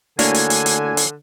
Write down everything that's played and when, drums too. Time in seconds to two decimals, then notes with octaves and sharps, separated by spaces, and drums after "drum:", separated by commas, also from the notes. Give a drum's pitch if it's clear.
0.19 D3 A3 A#3 D4 E4 F#4 C#5 G#5, drum: hi-hat
0.34 drum: hi-hat
0.50 drum: hi-hat
0.66 drum: hi-hat
0.97 drum: hi-hat